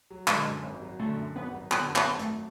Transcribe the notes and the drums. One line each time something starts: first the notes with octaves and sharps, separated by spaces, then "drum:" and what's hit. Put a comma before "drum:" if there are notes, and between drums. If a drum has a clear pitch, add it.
F#3
D3 G#3, drum: clap
F#2
G#1
F#3
D3 A3
F#2
G#1 B3
F#3
D3 B3, drum: clap
F#2
B3, drum: clap
G#1
A3, drum: hi-hat
F#3